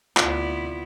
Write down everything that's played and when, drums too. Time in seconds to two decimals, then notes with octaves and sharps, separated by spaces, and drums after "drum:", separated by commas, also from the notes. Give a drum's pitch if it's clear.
0.17 D2 C3 B3 E4 F4 D5, drum: clap